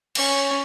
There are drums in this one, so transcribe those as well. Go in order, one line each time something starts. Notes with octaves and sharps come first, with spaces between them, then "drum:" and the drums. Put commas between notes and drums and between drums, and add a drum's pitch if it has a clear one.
C#4, drum: cymbal